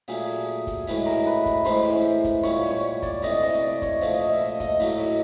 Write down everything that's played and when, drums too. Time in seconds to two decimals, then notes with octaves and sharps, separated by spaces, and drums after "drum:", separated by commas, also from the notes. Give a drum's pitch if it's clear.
0.08 A#2 F#3 A3 G#4, drum: open hi-hat
0.67 drum: kick, hi-hat
0.87 A2 E3 G#3, drum: open hi-hat
1.06 A#4, drum: hi-hat
1.27 B4
1.46 drum: kick, hi-hat
1.65 A2 E3 G#3 C5, drum: open hi-hat
1.85 drum: hi-hat
2.24 drum: kick, hi-hat
2.43 A#2 G3 C#5, drum: open hi-hat
2.56 C#5
2.70 C#5
3.02 D5, drum: kick, hi-hat
3.22 C3 E3 A3 D#5, drum: open hi-hat
3.43 D#5, drum: hi-hat
3.63 D5
3.82 C#5, drum: kick, hi-hat
4.01 A#2 F3 A3 C#5, drum: open hi-hat
4.15 D#5
4.27 E5
4.41 D#5
4.60 D#5, drum: kick, hi-hat
4.80 A2 F#3 A3, drum: open hi-hat
5.00 drum: hi-hat